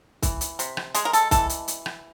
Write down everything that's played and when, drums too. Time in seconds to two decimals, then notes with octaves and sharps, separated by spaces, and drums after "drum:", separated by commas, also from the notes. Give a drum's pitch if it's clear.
0.22 E3, drum: kick C2, hi-hat
0.41 drum: hi-hat
0.59 C3, drum: hi-hat
0.77 drum: rim click
0.95 G#3 G#4, drum: hi-hat
1.05 A#4
1.13 A4, drum: hi-hat
1.31 E3 A4, drum: kick C2, hi-hat
1.49 drum: hi-hat
1.68 drum: hi-hat
1.86 drum: rim click